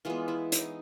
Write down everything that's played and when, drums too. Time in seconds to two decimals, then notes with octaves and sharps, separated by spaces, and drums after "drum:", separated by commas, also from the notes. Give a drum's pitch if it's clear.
0.05 E3 G#3 B3 F4
0.28 E4
0.52 D#4, drum: hi-hat